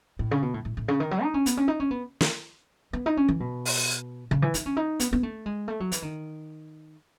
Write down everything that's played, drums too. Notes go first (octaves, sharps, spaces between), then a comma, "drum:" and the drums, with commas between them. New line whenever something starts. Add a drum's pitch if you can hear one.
A2
C#3
B2
A2
A2
A2
C#3
D#3
F#3
D#4
C#4
B3, drum: hi-hat
C#4
D#4
C#4
B3
drum: snare
B3
D#4
C#4
E3
B2
drum: open hi-hat
C#3
E3
D#4, drum: hi-hat
C#4
D#4
B3, drum: hi-hat
B3
A3
G#3
A3
F#3
E3, drum: hi-hat
D#3